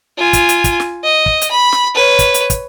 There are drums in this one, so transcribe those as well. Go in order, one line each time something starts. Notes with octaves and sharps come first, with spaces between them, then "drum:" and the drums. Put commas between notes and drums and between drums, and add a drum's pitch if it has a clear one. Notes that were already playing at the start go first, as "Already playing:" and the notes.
F4 G#5
drum: kick, hi-hat
drum: hi-hat
drum: kick, hi-hat
drum: snare
D#5
drum: kick
drum: hi-hat
B5
drum: snare
B4 C#5
drum: kick, hi-hat
drum: hi-hat
drum: kick, hi-hat